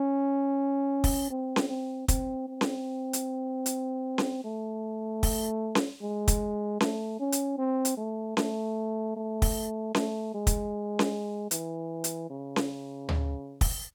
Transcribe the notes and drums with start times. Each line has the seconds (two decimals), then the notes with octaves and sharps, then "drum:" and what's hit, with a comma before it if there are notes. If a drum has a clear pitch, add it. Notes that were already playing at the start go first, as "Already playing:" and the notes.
Already playing: C#4
1.04 drum: kick, open hi-hat
1.31 C4
1.56 drum: snare C#4
1.69 C4
2.08 C4, drum: kick, hi-hat
2.48 C4
2.61 drum: snare C#4
3.13 drum: hi-hat
3.66 drum: hi-hat
4.18 drum: snare C#4
4.44 A3
5.23 drum: kick, open hi-hat
5.75 drum: snare C#4
6.02 G#3
6.28 drum: kick, hi-hat
6.80 A3, drum: snare C#4
7.20 C#4
7.32 drum: hi-hat
7.58 C4
7.85 drum: hi-hat
7.97 A3
8.37 A3, drum: snare C#4
9.16 A3
9.42 drum: kick, open hi-hat
9.95 A3, drum: snare C#4
10.34 G#3
10.47 drum: kick, hi-hat
10.99 drum: snare C#4
11.51 E3, drum: hi-hat
12.04 drum: hi-hat
12.30 C#3
12.56 drum: snare C#4
13.09 drum: tom D2
13.61 drum: kick, open hi-hat